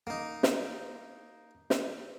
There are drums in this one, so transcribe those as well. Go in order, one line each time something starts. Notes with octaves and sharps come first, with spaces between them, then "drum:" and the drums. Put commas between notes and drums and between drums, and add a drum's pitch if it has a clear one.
A#3 D#4
drum: snare
drum: snare